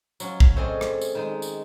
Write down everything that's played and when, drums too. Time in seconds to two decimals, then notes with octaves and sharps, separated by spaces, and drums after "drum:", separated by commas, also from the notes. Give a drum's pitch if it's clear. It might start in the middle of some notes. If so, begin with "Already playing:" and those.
0.20 F#3 C#4 F4, drum: tambourine
0.40 drum: kick
0.56 A3 C4 C#4 G#4 D5 D#5
0.81 drum: rim click
1.02 drum: tambourine
1.15 D#3 G#3 D#4
1.42 drum: tambourine